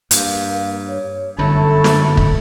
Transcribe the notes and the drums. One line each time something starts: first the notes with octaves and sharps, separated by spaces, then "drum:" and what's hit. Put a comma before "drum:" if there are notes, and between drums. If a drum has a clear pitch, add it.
G2 A#3, drum: hi-hat
C#5
G1 F#2 A3 E4 A4
drum: snare
drum: kick